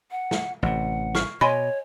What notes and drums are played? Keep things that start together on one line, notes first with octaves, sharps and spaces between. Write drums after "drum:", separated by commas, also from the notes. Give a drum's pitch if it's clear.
F#5
drum: snare
A1 C3 F#5
C#6 F6 C7, drum: snare
B2 C#5 D#5 G#5 B5 C6